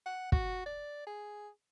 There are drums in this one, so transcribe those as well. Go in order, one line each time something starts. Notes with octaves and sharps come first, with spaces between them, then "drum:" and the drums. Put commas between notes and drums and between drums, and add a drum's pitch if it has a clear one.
F#5
F#4, drum: kick
D5
G#4